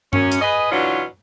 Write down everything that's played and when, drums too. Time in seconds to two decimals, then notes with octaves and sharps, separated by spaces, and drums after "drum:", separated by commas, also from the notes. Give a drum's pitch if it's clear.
0.13 F#2 C#4, drum: tom G2
0.32 drum: hi-hat
0.41 G#4 B4 D#5
0.71 B2 E3 F#3 C#4 D4 F4